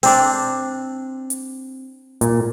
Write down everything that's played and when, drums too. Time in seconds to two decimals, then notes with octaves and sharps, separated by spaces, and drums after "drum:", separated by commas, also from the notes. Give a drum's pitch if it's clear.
0.03 C4 D4, drum: open hi-hat
1.30 drum: hi-hat
2.21 A#2, drum: hi-hat